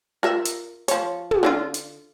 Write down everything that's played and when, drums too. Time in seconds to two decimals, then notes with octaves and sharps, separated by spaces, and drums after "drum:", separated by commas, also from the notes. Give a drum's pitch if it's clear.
0.23 F4 A#4 E5
0.45 drum: hi-hat
0.88 F3 C#5, drum: hi-hat
1.31 drum: tom
1.43 D3 C#4 F4
1.74 drum: hi-hat